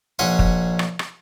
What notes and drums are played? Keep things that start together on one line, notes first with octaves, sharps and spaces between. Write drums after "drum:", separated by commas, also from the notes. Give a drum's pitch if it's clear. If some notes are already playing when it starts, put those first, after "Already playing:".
A#1 C#4 F#5 G#5 C6
drum: kick
drum: rim click
drum: rim click